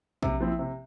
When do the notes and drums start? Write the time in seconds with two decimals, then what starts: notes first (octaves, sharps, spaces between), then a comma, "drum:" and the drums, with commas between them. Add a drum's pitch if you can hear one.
0.22 C3, drum: kick A#1
0.41 F3 C4 E4
0.59 C3